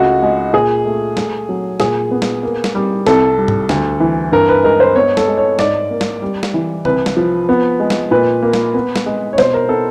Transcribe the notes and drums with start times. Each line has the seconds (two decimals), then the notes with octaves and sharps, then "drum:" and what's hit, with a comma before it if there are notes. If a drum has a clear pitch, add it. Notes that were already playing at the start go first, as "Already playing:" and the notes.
Already playing: C#2 A3 F#4
0.22 G#3
0.53 A#2 G#4
0.85 A3
1.17 A3, drum: snare
1.49 F#3
1.80 A#2 G#4, drum: snare
2.11 B3
2.22 drum: snare
2.43 A#3
2.64 drum: snare
2.75 G3
3.07 C2 A4, drum: snare
3.38 G3
3.48 drum: tom G#2
3.69 D2, drum: snare
4.00 E3
4.32 G2 A#4
4.49 B4
4.64 G#3 A#4
4.80 C5
4.96 B3 C#5
5.17 A4, drum: snare
5.28 G#3
5.38 C#5
5.59 G#2 D5, drum: snare
5.91 A#3
6.01 drum: snare
6.22 G3
6.43 drum: snare
6.54 E3
6.85 C2 B4, drum: tom C#3
7.06 drum: snare
7.17 F3
7.49 B3
7.80 G#3
7.90 drum: snare
8.11 A#2 B4
8.43 A#3
8.53 drum: snare
8.74 B3
8.96 drum: snare
9.06 G#3
9.33 C#5
9.38 B2 C5, drum: snare
9.54 A#4
9.69 B3 A4